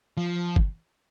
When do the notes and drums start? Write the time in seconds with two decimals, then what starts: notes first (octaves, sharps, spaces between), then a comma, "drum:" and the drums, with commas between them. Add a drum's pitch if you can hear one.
0.17 F3
0.56 drum: kick G1